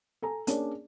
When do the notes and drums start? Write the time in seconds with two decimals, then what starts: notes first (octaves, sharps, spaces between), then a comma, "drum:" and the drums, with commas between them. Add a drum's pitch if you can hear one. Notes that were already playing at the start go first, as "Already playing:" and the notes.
0.22 A4 G#5 A#5
0.47 A#3 C#4 D4 G#4 C#5 D5, drum: hi-hat